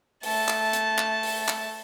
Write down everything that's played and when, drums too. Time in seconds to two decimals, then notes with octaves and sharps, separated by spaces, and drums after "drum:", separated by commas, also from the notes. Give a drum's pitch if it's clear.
0.23 A3 A5, drum: open hi-hat
0.48 drum: clap
0.73 drum: hi-hat
0.98 drum: clap
1.23 drum: open hi-hat
1.48 drum: clap